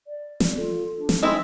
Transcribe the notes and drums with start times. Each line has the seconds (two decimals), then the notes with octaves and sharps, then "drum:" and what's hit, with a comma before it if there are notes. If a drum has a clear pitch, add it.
0.07 D5
0.40 drum: snare
0.57 F4 A4
0.97 D4
1.09 drum: snare
1.23 G#3 C4 C#4 E4